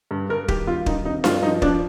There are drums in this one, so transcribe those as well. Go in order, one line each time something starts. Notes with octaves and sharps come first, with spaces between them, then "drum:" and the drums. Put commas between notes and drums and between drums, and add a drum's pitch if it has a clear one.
G2
G2 A#4
D#3 G4, drum: kick
G3 F4
D#3 D#4, drum: kick
C3 D#4
G2 F4, drum: snare D4
F3 D#4
F3 D4, drum: kick